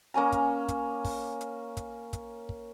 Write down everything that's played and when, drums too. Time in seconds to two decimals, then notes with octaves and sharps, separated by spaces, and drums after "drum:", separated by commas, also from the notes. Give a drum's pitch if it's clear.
0.14 A#3 C#4 G#5 A#5
0.32 drum: kick, hi-hat
0.68 drum: kick, hi-hat
1.05 drum: kick, open hi-hat
1.41 drum: hi-hat
1.77 drum: kick, hi-hat
2.13 drum: kick, hi-hat
2.49 drum: kick